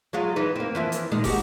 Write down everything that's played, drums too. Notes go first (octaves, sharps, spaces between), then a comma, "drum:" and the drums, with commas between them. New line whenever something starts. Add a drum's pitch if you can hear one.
F#3 G#3 F4
E3 D#4 B4
A#3 C4
E3 F3 E4
drum: hi-hat
A#2 D#3 G#3
F#4 G4, drum: kick, open hi-hat